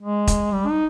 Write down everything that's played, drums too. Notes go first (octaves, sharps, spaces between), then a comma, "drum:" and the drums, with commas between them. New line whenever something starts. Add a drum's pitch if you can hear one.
G#3
drum: kick, hi-hat
G3
D#4